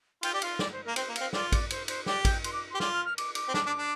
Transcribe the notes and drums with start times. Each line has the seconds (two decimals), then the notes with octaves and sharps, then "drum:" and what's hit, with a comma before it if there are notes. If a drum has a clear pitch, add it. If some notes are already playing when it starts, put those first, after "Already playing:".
0.23 F4 G5, drum: cymbal
0.33 G4 D5
0.42 F4 F5, drum: cymbal
0.59 D5, drum: snare
0.73 C5
0.85 A#3 A#4
0.96 C4 C5, drum: cymbal
1.09 A#3
1.16 F5, drum: cymbal
1.21 C4
1.33 F4 D5, drum: snare
1.52 D5, drum: kick A1, cymbal
1.70 C5, drum: cymbal
1.88 C5, drum: cymbal
2.06 G4 D5, drum: snare
2.25 G5, drum: kick A1, cymbal
2.44 C6, drum: cymbal
2.53 D6
2.71 C6
2.75 G4
2.80 F4 D6, drum: snare
2.93 F6
3.05 F6
3.18 D6, drum: cymbal
3.35 D6, drum: cymbal
3.48 C4
3.54 D4, drum: snare
3.66 D4
3.78 D4